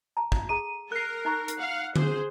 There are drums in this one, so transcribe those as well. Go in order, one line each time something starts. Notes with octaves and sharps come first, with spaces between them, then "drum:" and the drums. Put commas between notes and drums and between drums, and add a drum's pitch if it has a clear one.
A5 A#5
drum: kick
G#4 A4 A#5 D#7
A#4 F#6 C7
D#4 A#5 C#6
drum: hi-hat
F5 F#5
G#4 C5, drum: tom D3